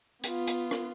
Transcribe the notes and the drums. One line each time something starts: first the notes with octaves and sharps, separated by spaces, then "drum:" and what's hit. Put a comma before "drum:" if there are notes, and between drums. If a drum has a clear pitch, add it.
B3 F4, drum: hi-hat
drum: hi-hat
drum: rim click